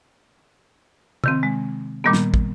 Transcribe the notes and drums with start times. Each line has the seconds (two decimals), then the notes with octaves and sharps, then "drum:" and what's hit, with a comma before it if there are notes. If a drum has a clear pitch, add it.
1.24 C3 D#3 C4, drum: tom C3
1.43 G#3
2.04 A#2 D#3 G3 A#3 B3
2.13 drum: snare
2.34 drum: kick